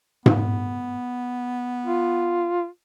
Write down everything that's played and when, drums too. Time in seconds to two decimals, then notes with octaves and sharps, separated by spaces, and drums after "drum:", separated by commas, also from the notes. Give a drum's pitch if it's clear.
0.26 B3, drum: tom G#2
1.86 F4